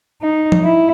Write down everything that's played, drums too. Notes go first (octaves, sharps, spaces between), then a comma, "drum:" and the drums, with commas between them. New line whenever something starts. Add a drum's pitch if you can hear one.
D#4
drum: tom F3
E4